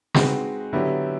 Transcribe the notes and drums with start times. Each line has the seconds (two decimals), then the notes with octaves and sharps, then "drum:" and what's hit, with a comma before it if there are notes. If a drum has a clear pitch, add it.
0.14 G#3 C4 D#4 F#4 B4, drum: snare
0.73 D3 F#3 B3 E4 G4